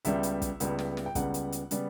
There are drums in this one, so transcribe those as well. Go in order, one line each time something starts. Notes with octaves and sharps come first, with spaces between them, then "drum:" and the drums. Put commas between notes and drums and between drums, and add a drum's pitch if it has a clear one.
C#2 C#3 G3 B3 E5, drum: hi-hat
drum: hi-hat
drum: kick, hi-hat
C#2 C#3 G3 B3, drum: hi-hat
drum: snare
drum: snare
G5
C#2 C#3 G3 B3 F#5, drum: kick, hi-hat
drum: hi-hat
drum: hi-hat
C#3 G3 B3, drum: hi-hat